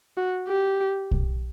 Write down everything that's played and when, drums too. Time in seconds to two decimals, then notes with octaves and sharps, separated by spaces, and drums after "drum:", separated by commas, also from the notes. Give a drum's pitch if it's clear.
0.17 F#4
0.48 G4
1.11 drum: kick